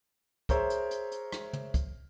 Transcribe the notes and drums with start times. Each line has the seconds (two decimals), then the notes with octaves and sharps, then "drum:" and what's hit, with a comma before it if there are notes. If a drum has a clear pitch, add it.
0.49 G#4 A#4 C5 C#5 E5, drum: kick, hi-hat
0.70 drum: hi-hat
0.91 drum: hi-hat
1.12 drum: hi-hat
1.32 drum: rim click
1.53 drum: tom
1.74 drum: kick, hi-hat